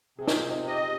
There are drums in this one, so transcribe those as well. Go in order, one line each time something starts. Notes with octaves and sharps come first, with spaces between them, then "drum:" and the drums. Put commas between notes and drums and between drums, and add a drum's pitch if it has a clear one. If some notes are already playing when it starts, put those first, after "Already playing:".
C3 G#4
D#4, drum: snare
F4
C3
D#4
C4 D#5